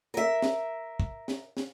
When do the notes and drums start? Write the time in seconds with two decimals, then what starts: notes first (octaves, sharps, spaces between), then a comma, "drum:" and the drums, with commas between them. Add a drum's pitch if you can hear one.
0.14 A#4 E5
0.42 drum: snare
1.00 drum: kick
1.28 drum: snare
1.57 drum: snare